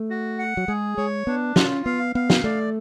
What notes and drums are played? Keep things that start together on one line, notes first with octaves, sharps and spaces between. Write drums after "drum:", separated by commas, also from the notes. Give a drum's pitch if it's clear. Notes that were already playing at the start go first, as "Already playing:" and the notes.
Already playing: A3
F#4
F#5
F#3
G#3 G#4
G#3 C#5
B3 D4
C#4 F4, drum: snare
B3 F5
B3 F5
drum: snare
A3 D5